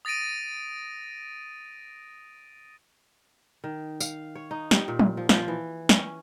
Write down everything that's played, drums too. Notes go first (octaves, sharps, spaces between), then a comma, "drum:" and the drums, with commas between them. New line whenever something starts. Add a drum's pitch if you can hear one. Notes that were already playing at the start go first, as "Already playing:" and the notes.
D#6 A6 A#6 D7 D#7
D#3
F5, drum: tambourine
C#5
D#4
G4, drum: snare
A#2
drum: tom
F3
F3, drum: snare
E3
C#4, drum: snare